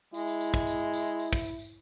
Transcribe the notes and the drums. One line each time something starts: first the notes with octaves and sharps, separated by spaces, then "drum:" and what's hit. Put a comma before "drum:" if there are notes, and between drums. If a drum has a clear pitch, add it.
G#3 E4, drum: tambourine
drum: tambourine
drum: tambourine
drum: kick, tambourine
drum: tambourine
drum: tambourine
drum: tambourine
drum: kick, tambourine
drum: tambourine
drum: tambourine